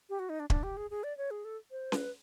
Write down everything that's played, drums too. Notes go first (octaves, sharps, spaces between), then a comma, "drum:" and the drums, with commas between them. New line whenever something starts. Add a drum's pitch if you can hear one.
G4
F#4
D#4
D4
D4, drum: kick
G4
G#4
G#4
D5
C#5
G#4
A4
C5
B4, drum: snare C#4